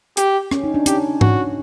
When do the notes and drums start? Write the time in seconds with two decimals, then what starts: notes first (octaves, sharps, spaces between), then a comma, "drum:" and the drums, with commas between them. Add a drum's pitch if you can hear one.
0.17 G4, drum: hi-hat
0.51 C#4, drum: rim click
0.64 D#4
0.74 D4
0.86 C#4 G4, drum: hi-hat
1.21 F#4, drum: tom G#2